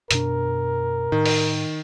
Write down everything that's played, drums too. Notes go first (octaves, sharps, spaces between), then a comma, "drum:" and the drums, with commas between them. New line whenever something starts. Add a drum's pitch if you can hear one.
F#2 B2 D4 A#4, drum: hi-hat
A2 D#3
drum: open hi-hat